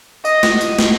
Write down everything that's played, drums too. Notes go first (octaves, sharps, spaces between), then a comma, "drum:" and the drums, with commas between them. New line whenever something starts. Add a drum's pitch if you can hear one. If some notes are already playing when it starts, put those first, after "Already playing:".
D#5, drum: tambourine
drum: snare
drum: tambourine
drum: snare